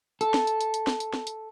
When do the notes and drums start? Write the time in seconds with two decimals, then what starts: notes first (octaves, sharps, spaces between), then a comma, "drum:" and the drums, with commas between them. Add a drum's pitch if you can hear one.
0.21 A4, drum: hi-hat
0.34 drum: snare
0.47 drum: hi-hat
0.61 drum: hi-hat
0.74 drum: hi-hat
0.87 drum: snare
1.00 drum: hi-hat
1.14 drum: snare
1.27 drum: hi-hat